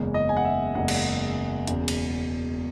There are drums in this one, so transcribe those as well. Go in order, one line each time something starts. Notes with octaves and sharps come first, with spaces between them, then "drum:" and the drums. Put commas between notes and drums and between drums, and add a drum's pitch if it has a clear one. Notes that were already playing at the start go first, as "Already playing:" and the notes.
Already playing: F#1 E2 C#3 G#3 C#4
D#5
G#5
F#5
E5
F#1 E2 C#3 G#3 C#4 F#5
drum: cymbal
E1 E2 C#3, drum: hi-hat
drum: cymbal